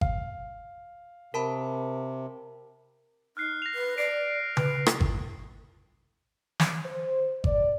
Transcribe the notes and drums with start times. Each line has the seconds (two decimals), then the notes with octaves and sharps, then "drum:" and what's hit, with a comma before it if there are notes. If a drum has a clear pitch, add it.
0.01 F5, drum: kick G#1
1.34 C3 A#4 A5 B5
3.37 D#4 F6 F#6 C7
3.62 A#6 F7
3.74 B4
3.98 D5 C7 D7
4.57 B4, drum: tom C#3
4.86 drum: rim click
5.01 drum: kick G#1
6.60 drum: snare
6.85 C5
7.44 D5, drum: kick G#1